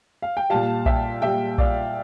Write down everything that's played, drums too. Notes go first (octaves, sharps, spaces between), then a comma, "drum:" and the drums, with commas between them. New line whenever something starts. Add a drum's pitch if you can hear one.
F5
G5
A#2 G3 F5 A5
E5 G5, drum: kick A#1
A#2 G3 E5 G5
D5 F5, drum: kick A#1